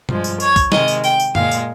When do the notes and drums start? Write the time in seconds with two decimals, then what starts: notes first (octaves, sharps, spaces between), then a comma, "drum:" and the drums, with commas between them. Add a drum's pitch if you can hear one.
0.09 G2 F3 G#3, drum: tom B2
0.24 drum: tambourine
0.40 C#5, drum: tambourine
0.56 drum: kick, tambourine
0.72 C3 D#3 G#3 D#5, drum: snare
0.88 drum: tambourine
1.04 G5, drum: tambourine
1.20 drum: tambourine
1.35 A#2 G#3 F5, drum: tom F#2
1.51 drum: tambourine